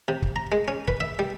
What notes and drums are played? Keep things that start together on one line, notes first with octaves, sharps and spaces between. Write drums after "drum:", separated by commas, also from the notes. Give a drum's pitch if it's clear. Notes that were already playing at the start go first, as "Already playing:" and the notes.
C3
drum: kick
A#5
G#3
C#4
B4, drum: kick
E5
G3